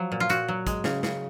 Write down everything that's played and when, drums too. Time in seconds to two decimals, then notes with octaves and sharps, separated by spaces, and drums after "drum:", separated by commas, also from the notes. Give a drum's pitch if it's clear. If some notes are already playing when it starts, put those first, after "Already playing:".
Already playing: F3 F#3
0.12 A#2
0.20 F4
0.29 A#2 F#4, drum: hi-hat
0.48 F#3
0.67 G#3, drum: kick, hi-hat
0.84 C#3, drum: snare
1.03 C#3, drum: snare